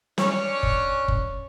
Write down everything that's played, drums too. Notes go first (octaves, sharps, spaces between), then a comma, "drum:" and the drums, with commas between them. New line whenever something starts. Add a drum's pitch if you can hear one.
C#4 D4 C#5, drum: snare
drum: kick F#1
drum: kick F#1